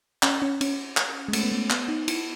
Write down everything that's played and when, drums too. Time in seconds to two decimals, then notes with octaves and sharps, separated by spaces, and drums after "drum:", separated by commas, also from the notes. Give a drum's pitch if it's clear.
0.23 C#4, drum: clap
0.42 C#4
0.61 C#4, drum: cymbal
0.97 drum: clap
1.28 G#3
1.33 A3, drum: cymbal
1.43 B3
1.52 A3
1.70 B3, drum: clap
1.88 D#4
2.08 E4, drum: cymbal